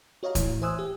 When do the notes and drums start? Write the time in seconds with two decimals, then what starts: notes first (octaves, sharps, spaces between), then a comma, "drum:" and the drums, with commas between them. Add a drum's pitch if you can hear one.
0.23 F#4 C#5 D#5 F5 A#5
0.35 A2 E3, drum: kick, hi-hat
0.62 C5 E5 G#5 D#6 E6 F#6
0.79 G4